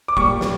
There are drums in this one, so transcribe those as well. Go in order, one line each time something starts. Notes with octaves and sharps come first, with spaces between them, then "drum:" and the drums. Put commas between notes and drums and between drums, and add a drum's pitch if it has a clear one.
D6
A#2 G3 C#6, drum: kick
drum: snare